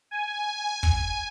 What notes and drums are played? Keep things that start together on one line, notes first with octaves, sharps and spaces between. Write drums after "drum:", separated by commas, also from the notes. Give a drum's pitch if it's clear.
G#5
drum: kick